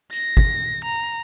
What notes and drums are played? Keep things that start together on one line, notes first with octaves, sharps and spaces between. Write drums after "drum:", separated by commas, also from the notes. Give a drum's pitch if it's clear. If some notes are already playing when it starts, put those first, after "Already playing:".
A#6, drum: hi-hat
drum: kick
A#5